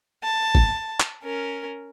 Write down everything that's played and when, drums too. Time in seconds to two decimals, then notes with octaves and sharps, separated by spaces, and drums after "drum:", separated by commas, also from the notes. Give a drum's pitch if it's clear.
0.24 A5
0.55 drum: kick
1.00 drum: clap
1.23 C#4 A#4